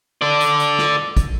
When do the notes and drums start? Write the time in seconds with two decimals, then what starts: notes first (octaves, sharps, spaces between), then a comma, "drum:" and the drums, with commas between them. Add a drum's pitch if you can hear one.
0.22 A4 D5
0.41 drum: hi-hat
0.60 drum: hi-hat
0.79 drum: snare
1.17 drum: kick, hi-hat